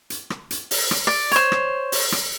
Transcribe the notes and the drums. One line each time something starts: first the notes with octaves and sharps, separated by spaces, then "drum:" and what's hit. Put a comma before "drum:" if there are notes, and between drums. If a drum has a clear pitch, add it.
drum: hi-hat
drum: rim click
drum: hi-hat
drum: open hi-hat
drum: rim click
D5
C5 C#5, drum: hi-hat
drum: rim click
drum: open hi-hat
drum: rim click